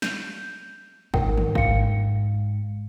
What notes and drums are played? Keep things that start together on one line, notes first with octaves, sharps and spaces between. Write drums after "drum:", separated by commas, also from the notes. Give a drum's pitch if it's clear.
G6, drum: snare
G#2 A#4 F#5 G5, drum: kick G#1
drum: tom D3
F5 C#7, drum: kick G#1